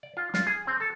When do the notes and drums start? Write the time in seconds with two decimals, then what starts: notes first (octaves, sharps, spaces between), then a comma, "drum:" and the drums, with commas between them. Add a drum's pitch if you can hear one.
0.03 D5
0.17 F4
0.34 F4, drum: snare
0.47 G#4
0.67 C4
0.80 A4